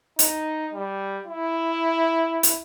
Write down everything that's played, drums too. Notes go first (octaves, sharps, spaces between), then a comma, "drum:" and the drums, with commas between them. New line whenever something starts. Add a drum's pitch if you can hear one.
D#4, drum: hi-hat
G3
E4
drum: hi-hat